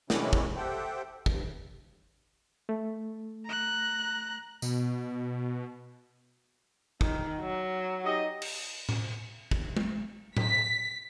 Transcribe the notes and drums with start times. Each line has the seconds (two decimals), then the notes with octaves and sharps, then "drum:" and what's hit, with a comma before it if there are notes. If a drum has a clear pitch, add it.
0.10 B2 D#3 G#3 C#4 D4 E4, drum: snare
0.33 drum: kick
0.56 G4 A4 C5 E5 F#5 G5
1.26 G2, drum: kick
2.69 A3
3.45 A#5 F#6
4.62 B2, drum: tambourine
7.01 D#3, drum: kick
7.41 F#3
8.05 D#4 G4 D#5
8.42 drum: cymbal
8.89 drum: tom A2
9.51 drum: kick
9.77 drum: tom G#3
10.37 B6, drum: tom A2